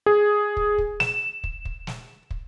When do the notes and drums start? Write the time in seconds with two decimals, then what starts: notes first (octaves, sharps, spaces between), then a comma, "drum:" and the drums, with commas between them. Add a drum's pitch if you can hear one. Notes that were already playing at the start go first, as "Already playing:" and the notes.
0.06 G#4
0.57 drum: kick
0.78 drum: kick
1.00 E7, drum: snare
1.44 drum: kick
1.65 drum: kick
1.87 drum: snare
2.31 drum: kick